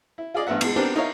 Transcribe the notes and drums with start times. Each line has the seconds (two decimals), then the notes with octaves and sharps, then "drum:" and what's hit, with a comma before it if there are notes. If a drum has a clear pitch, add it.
0.18 E4
0.34 F4 G#4 D5 D#5
0.47 A1 G2 B3 E5 F#5
0.61 B2 G#3, drum: cymbal
0.76 B3 C4 D4 G4 A#4 C5
0.96 D#4 E4 A#4 C#5 F5